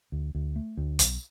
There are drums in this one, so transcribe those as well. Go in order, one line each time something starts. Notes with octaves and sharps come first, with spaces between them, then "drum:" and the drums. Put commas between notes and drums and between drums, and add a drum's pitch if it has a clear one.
D2
D2
A3
D2
B1, drum: hi-hat